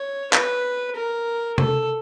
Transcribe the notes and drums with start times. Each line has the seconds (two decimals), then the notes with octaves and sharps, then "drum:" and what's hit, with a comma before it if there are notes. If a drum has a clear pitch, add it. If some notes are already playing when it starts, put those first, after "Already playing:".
Already playing: C#5
0.33 B4, drum: clap
0.96 A#4
1.58 A4, drum: tom C3